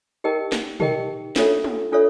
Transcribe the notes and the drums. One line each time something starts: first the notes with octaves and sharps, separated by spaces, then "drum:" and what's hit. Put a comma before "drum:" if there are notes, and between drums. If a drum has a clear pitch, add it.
D#4 G4 A#4 D#5 G5
drum: snare
D#4 G4 A#4 D#5 G5, drum: tom
D4 F4 A4 C#5 E5, drum: snare
drum: tom
D4 F4 A4 C#5 E5